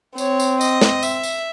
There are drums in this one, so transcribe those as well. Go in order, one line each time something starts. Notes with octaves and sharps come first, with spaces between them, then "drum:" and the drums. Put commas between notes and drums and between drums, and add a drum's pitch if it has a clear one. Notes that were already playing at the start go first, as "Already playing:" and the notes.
C4 C#5, drum: tambourine
drum: tambourine
D#5, drum: tambourine
drum: snare
E5, drum: tambourine
drum: tambourine